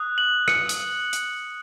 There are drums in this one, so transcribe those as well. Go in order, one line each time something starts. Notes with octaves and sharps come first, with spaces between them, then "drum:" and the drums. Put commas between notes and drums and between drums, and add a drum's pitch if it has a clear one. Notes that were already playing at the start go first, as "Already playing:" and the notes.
Already playing: D#6 F#6
F#7
C#7, drum: rim click
drum: hi-hat
drum: hi-hat